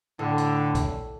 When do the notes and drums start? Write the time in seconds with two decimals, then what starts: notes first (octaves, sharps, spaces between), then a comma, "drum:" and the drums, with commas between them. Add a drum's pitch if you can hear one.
0.19 A2 D3
0.38 drum: hi-hat
0.75 drum: kick A#1, hi-hat